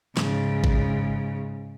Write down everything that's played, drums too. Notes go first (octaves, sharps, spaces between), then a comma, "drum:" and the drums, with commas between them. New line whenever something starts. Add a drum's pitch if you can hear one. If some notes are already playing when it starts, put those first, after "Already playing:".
G#2 C#3, drum: snare
drum: kick A1